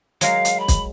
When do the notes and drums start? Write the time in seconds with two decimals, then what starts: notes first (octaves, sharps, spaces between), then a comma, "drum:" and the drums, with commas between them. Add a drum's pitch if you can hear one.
0.21 F#3 G#3 A#4 F5, drum: hi-hat
0.45 drum: hi-hat
0.59 B5
0.68 drum: kick, hi-hat